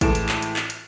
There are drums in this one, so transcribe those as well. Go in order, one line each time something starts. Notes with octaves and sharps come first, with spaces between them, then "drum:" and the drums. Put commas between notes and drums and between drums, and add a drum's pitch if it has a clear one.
A2 E3 G#3 A4 D7 E7, drum: kick, hi-hat
drum: hi-hat
drum: clap
drum: hi-hat
drum: clap
drum: hi-hat